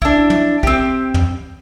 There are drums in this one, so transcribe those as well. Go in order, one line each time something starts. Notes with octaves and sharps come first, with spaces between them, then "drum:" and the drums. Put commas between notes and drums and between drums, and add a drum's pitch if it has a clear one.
D4 E4, drum: kick
drum: tom
C4 G4, drum: kick
drum: tom